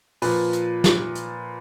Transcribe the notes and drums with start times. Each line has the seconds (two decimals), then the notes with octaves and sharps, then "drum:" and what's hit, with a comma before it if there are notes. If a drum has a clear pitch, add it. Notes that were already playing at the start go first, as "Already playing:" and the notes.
0.22 A#2 F3 B4, drum: open hi-hat
0.53 drum: hi-hat
0.84 drum: snare
1.15 drum: hi-hat